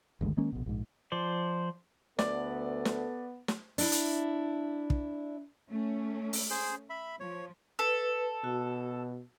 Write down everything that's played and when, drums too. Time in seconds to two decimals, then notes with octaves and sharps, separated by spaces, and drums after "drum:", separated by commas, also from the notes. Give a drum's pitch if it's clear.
0.21 G1 D2 D#3 G#3
0.37 D#3 G#3 A#3 C#4
0.53 A#1 B2
0.66 A#1 G#2
1.12 F3 C5 D5
2.19 D2 B3 A4 D5, drum: snare
2.85 drum: snare
3.48 drum: snare
3.78 D4 E4, drum: open hi-hat
3.92 drum: hi-hat
4.90 drum: kick
5.70 A3 C#4
6.33 drum: open hi-hat
6.50 G#4 C5
6.90 E5 B5
7.20 F3 C#5
7.79 A4 B4
8.44 B2 F#4